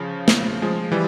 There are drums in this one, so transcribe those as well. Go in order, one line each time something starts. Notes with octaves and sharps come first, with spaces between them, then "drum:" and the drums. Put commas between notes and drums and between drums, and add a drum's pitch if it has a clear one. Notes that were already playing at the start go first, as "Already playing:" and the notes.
Already playing: C#3 F3
drum: snare
F3 G#3
E3 G3